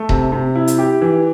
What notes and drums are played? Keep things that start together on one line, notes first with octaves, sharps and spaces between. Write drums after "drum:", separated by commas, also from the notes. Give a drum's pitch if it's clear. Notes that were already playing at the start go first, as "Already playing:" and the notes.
Already playing: A3
C3, drum: kick D#1
C3
E4
drum: hi-hat
G4
E3